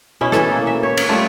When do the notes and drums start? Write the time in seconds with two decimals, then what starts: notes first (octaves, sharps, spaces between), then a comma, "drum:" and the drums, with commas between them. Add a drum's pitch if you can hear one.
0.21 B2 C#4 E4
0.32 E3 A4, drum: rim click
0.51 A#3
0.67 E5
0.83 C#5
0.97 drum: cymbal
1.09 G3 A3 F4 A4